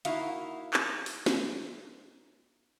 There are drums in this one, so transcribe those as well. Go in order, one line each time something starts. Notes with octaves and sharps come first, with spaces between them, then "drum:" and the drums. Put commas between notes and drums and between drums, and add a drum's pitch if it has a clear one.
A#3 D#4 E4 F#4 F5, drum: hi-hat
drum: clap
drum: open hi-hat
drum: snare